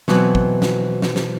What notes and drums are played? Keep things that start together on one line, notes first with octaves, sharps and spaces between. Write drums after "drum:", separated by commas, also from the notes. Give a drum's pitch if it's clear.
B2 E3 F#3 B3 C4, drum: snare
drum: kick
drum: snare
drum: snare
drum: snare